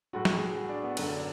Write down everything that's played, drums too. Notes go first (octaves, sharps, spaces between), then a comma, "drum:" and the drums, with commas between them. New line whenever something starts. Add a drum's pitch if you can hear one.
A2 F#3 F#4
drum: snare
G#4
F#4
D4
B3
F#2 D3 F#3 C#4, drum: cymbal
D4